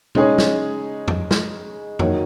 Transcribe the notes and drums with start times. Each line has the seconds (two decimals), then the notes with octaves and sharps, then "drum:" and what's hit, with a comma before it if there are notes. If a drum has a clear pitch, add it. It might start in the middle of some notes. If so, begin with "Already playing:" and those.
0.15 C#3 G#3 D#4 G#4 C#5, drum: tom
0.38 drum: snare
1.08 drum: tom F2
1.31 drum: snare
1.99 D#3 A#3 D#4 F#4 C#5, drum: tom F2